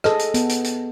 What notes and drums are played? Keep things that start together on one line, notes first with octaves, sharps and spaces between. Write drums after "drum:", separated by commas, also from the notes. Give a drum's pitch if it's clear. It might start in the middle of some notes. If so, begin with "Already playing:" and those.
G#4 A4 D#5, drum: rim click
drum: hi-hat
B3, drum: hi-hat
drum: hi-hat
drum: hi-hat